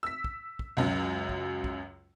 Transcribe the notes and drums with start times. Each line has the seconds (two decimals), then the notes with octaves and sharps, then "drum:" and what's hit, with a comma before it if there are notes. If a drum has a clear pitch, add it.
0.03 E6 B6
0.24 drum: kick
0.59 drum: kick
0.77 C#2 F#2 F#3
1.29 drum: kick
1.64 drum: kick